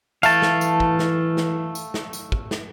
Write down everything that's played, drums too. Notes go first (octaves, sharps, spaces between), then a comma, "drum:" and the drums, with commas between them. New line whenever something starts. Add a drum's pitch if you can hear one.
E3 A3 F5 A5, drum: tambourine
drum: snare
drum: tambourine
drum: kick
drum: snare
drum: snare
drum: tambourine
drum: snare
drum: tambourine
drum: kick
drum: snare